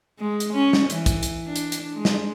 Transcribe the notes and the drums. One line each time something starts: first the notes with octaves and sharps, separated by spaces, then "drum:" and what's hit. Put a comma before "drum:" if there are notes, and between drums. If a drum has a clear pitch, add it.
G#3
drum: hi-hat
C#4
drum: snare
E3, drum: hi-hat
drum: kick, hi-hat
drum: hi-hat
D4
drum: hi-hat
drum: hi-hat
G#3
drum: snare